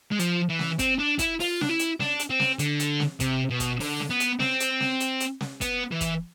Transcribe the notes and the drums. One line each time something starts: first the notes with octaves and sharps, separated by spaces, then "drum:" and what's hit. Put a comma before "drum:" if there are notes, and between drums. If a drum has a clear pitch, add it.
G#3
F3, drum: hi-hat
E3
drum: snare
C4, drum: kick, hi-hat
D4
E4, drum: kick, hi-hat
F4, drum: open hi-hat
D4, drum: snare
E4
drum: hi-hat
D4, drum: snare
drum: hi-hat
C4
drum: snare
D3, drum: hi-hat
drum: hi-hat
drum: snare
C3, drum: kick, hi-hat
B2
drum: kick, hi-hat
D3, drum: open hi-hat
drum: snare
B3
drum: hi-hat
C4, drum: snare
drum: hi-hat
drum: snare
drum: hi-hat
drum: hi-hat
drum: snare
B3, drum: kick, hi-hat
E3
drum: kick, hi-hat